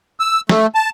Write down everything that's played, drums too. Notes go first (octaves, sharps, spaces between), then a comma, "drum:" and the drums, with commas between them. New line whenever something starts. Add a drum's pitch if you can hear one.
E6
A3, drum: snare
A5